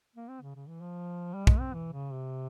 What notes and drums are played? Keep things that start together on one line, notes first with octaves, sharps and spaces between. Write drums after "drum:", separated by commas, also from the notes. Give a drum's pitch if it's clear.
A#3
C4
C#3
C#3
E3
F3
G3
G#3, drum: kick
C4
E3
C#3
C3